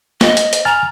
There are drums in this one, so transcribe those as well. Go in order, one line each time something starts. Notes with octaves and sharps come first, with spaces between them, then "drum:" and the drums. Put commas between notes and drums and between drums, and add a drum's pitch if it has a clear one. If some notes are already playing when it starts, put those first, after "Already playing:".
D#5, drum: snare
drum: hi-hat
drum: hi-hat
G#5 A#5 F6 A6